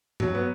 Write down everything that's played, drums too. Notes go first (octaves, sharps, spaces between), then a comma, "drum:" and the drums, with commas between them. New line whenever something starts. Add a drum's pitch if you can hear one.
F#3, drum: tom G2
B3